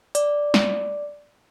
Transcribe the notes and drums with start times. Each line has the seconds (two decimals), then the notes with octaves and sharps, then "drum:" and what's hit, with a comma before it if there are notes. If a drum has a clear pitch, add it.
0.15 D5, drum: hi-hat
0.54 drum: snare